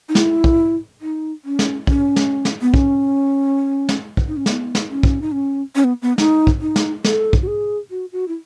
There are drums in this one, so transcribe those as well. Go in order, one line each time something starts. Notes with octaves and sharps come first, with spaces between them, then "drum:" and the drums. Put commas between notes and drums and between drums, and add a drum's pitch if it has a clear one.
D#4
E4, drum: snare
drum: kick
D#4
C#4
drum: snare
C#4, drum: kick
drum: snare
drum: snare
B3
C#4, drum: kick
drum: snare
drum: kick
D#4
C#4
B3, drum: snare
drum: snare
C#4
drum: kick
D#4
C#4
C#4
B3
B3
D#4, drum: snare
drum: kick
D#4
drum: snare
A4, drum: snare
drum: kick
F#4
G#4
F#4
F#4
E4